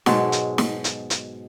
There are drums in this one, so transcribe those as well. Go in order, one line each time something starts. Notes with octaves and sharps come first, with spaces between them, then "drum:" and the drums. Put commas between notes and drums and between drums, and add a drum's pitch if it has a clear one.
G#2 B2 F#3 G#3, drum: snare
drum: hi-hat
drum: snare
drum: hi-hat
drum: hi-hat